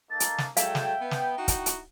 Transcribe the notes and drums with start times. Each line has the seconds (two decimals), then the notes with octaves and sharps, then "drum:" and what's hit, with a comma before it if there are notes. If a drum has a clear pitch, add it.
0.10 A#3 D#4 A4 A6
0.20 drum: hi-hat
0.38 drum: snare
0.57 F#3 G#3 A4 E5 F5 G5, drum: hi-hat
0.75 drum: snare
1.00 B3
1.11 drum: snare
1.38 D#4 E4 F#4
1.48 drum: kick, hi-hat
1.66 drum: hi-hat